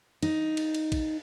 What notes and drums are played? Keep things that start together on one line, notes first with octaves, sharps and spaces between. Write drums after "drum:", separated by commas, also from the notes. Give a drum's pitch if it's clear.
D#4, drum: cymbal
drum: cymbal
drum: cymbal
drum: kick, cymbal